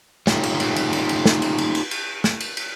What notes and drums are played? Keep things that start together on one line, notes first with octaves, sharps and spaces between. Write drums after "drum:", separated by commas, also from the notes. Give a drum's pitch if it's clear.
D#4 F4 G4 A4 C#5, drum: snare
drum: cymbal
drum: cymbal
drum: cymbal
drum: cymbal
drum: cymbal
drum: snare
drum: cymbal
drum: cymbal
drum: cymbal
drum: cymbal
drum: snare
drum: cymbal
drum: cymbal